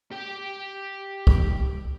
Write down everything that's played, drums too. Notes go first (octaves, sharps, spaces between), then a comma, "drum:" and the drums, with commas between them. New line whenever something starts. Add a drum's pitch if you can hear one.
G4 G5
drum: kick